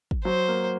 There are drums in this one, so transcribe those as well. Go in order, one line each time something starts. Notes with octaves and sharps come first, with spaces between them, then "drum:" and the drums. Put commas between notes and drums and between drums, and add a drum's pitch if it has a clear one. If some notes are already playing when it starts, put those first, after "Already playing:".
drum: kick
F#3 C5
A#3